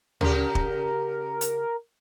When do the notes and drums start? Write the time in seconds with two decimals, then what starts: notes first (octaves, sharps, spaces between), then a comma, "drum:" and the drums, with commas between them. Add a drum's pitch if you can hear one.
0.21 C#3 G4 A#4, drum: tom
0.55 drum: kick
1.41 drum: hi-hat